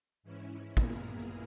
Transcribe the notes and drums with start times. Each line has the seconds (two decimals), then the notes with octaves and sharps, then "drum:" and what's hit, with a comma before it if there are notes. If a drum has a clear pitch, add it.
0.23 G#2 E3 C#4 E4
0.77 A#2 A#3 B3 E4 G#4 A#4, drum: kick